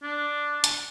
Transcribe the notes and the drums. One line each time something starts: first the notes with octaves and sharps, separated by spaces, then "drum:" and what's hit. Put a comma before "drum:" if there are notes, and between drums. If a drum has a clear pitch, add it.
D4
drum: hi-hat